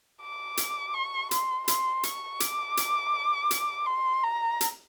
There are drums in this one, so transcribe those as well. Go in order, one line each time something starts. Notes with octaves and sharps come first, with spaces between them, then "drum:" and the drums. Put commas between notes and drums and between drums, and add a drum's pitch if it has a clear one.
D6
drum: hi-hat
C#6
C6, drum: hi-hat
C6, drum: hi-hat
C#6, drum: hi-hat
D6, drum: hi-hat
drum: hi-hat
drum: hi-hat
C6
A#5
drum: hi-hat